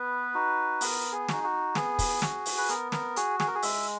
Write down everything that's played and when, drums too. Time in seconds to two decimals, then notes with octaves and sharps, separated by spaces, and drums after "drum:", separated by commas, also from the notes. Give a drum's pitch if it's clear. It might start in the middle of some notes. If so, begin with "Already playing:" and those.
Already playing: B3 B4
0.35 D#4 F#4
0.81 B3 A#4, drum: open hi-hat
1.13 G#4
1.29 D#4 F#4, drum: snare
1.44 F#4
1.75 B3 G#4, drum: snare
1.99 drum: kick, open hi-hat
2.22 F#4, drum: snare
2.46 drum: open hi-hat
2.58 B4
2.69 B3 A#4, drum: hi-hat
2.92 A#4, drum: snare
3.16 F#4 G#4, drum: hi-hat
3.40 G#4, drum: snare
3.47 A#4
3.55 G#4
3.62 G#3 E5, drum: open hi-hat